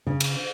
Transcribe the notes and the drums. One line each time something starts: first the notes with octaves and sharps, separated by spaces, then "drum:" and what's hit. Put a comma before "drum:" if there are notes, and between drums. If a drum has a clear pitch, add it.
C#3
drum: cymbal